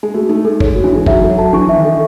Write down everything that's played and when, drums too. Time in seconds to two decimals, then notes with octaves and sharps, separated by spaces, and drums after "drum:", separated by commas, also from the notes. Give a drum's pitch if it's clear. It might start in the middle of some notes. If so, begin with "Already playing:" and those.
0.03 G#3
0.14 A3 F#4
0.29 A3 D#4
0.45 G#3 A4
0.60 C#5, drum: kick
0.75 F#4
0.84 E3
0.92 G#3 D#4
1.06 F#3 E5, drum: kick
1.23 A4
1.30 F#3
1.39 A5
1.53 E3 C#6
1.69 E5
1.77 D#3
1.85 A4